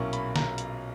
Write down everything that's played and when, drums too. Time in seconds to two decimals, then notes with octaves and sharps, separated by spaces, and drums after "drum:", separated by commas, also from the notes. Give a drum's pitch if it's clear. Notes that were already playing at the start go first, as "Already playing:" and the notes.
Already playing: B1 A#2 A#3 C#4 E4 A#5 C#6
0.13 B5, drum: hi-hat
0.36 A#5, drum: snare
0.58 drum: hi-hat